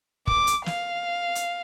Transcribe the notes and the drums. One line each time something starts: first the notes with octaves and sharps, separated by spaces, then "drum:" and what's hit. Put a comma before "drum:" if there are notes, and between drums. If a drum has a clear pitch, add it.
D6, drum: kick
drum: hi-hat
F5, drum: snare
drum: hi-hat